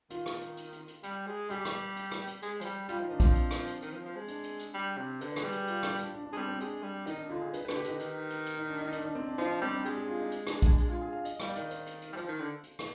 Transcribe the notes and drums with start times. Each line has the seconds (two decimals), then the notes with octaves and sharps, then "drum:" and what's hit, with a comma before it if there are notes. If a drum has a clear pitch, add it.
0.10 D#3 F4, drum: hi-hat
0.26 drum: rim click
0.41 drum: hi-hat
0.57 drum: hi-hat
0.72 drum: hi-hat
0.88 drum: hi-hat
1.03 G3, drum: hi-hat
1.27 G#3
1.50 G3 G4, drum: hi-hat
1.65 drum: rim click
1.96 drum: hi-hat
2.12 drum: rim click
2.27 drum: hi-hat
2.42 G#3, drum: hi-hat
2.61 F3, drum: hi-hat
2.65 G3
2.88 G3 F4, drum: hi-hat
2.99 F3 D#4
3.10 D#3 D4
3.20 F3 C4, drum: kick A#1, hi-hat
3.35 drum: hi-hat
3.51 drum: rim click
3.66 drum: hi-hat
3.82 D#3, drum: hi-hat
3.93 F3
4.06 F3
4.16 G#3
4.28 D4, drum: hi-hat
4.44 drum: hi-hat
4.59 drum: hi-hat
4.74 G3
4.97 C3
5.21 D3 B4, drum: hi-hat
5.32 B4
5.36 G#4, drum: rim click
5.44 G3
5.52 G4, drum: hi-hat
5.67 F4, drum: hi-hat
5.83 D4, drum: rim click
5.99 D4, drum: hi-hat
6.14 D4
6.26 D4
6.33 G#3
6.37 G3 C4
6.49 C4
6.60 G#3 D4, drum: hi-hat
6.83 G3
7.07 D#3 D#4, drum: hi-hat
7.18 D4
7.29 D3 F4
7.41 G#4
7.53 B4, drum: hi-hat
7.65 B4
7.68 D3, drum: rim click
7.76 G4
7.84 D3 D#4, drum: hi-hat
7.99 D#3, drum: hi-hat
8.30 drum: hi-hat
8.46 drum: hi-hat
8.57 D#4
8.69 D4
8.81 D#4
8.92 D4, drum: hi-hat
9.04 D4
9.15 C4
9.27 D4
9.38 F3 D#4, drum: hi-hat
9.50 D4
9.61 G3 C4
9.73 D4
9.85 G#3 G4, drum: hi-hat
9.96 G#4
10.08 F4
10.20 D#4
10.31 drum: hi-hat
10.47 D4, drum: rim click
10.62 D4, drum: kick A#1, hi-hat
10.78 drum: hi-hat
10.89 F4
11.01 G#4
11.13 F5
11.25 D#5, drum: hi-hat
11.40 G3 F5, drum: rim click
11.49 D5
11.55 D#3 D#5, drum: hi-hat
11.71 C5, drum: hi-hat
11.86 drum: hi-hat
12.02 drum: hi-hat
12.13 G3
12.16 F3 C5, drum: hi-hat
12.28 D#3
12.40 D3
12.63 drum: hi-hat
12.79 drum: rim click